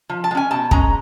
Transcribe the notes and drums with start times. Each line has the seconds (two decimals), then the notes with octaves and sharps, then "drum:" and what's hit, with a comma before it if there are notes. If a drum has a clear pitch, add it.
0.09 F3
0.24 A5
0.31 G#3
0.35 C#4 G#5
0.51 B2 A5
0.71 G#3 C#4 A#5, drum: kick